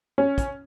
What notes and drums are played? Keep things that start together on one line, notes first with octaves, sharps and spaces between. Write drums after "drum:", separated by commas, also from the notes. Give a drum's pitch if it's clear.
C#4
drum: kick, hi-hat